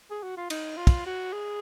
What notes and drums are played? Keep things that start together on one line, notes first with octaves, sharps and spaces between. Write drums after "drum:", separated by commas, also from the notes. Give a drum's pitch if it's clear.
G#4
F#4
F4
D#4, drum: cymbal
F4
drum: kick, cymbal
F#4
G#4